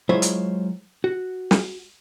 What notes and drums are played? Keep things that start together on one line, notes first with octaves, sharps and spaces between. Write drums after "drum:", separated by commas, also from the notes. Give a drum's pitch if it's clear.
F#3 G#3 E4 F4 C5 C#5
drum: hi-hat
F#4
drum: snare